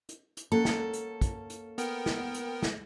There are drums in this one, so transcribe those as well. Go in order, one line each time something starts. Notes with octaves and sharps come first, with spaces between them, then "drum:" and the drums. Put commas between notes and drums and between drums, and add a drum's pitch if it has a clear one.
drum: hi-hat
drum: hi-hat
A#3 C#4 A4 F#5
drum: snare
drum: hi-hat
drum: kick, hi-hat
drum: hi-hat
B3 A#4 G5, drum: hi-hat
drum: snare
drum: hi-hat
drum: snare